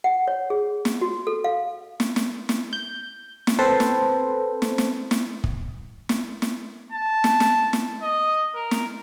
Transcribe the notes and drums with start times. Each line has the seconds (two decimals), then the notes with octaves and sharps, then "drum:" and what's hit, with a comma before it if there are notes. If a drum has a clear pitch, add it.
0.04 F#5
0.28 C#5
0.50 G#4
0.85 drum: snare
1.01 F#4
1.27 A4
1.44 F5
2.00 drum: snare
2.16 drum: snare
2.49 drum: snare
2.73 G6
3.47 drum: snare
3.59 C4 A4 B4 C5
3.80 drum: snare
4.62 drum: snare
4.78 drum: snare
5.11 drum: snare
5.44 drum: kick
6.09 drum: snare
6.42 drum: snare
6.92 A5
7.24 drum: snare
7.40 drum: snare
7.73 drum: snare
8.02 D#5
8.54 A#4
8.71 drum: snare